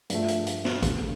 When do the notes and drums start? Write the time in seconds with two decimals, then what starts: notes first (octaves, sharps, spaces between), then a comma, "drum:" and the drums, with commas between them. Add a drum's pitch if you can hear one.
0.10 G2 F3 A3, drum: hi-hat
0.28 drum: hi-hat
0.47 drum: hi-hat
0.65 drum: snare
0.82 D2 D3 G3, drum: kick G#1, hi-hat